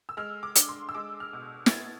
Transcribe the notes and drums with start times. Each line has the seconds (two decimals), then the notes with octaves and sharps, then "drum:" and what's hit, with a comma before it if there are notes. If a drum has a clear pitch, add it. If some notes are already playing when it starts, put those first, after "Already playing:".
0.09 E6
0.17 G#3 F6
0.43 D6
0.55 D4, drum: hi-hat
0.69 C6
0.89 E6
0.95 G#3 D6
1.20 F6
1.33 B2
1.66 G#6, drum: snare
1.71 B3 A6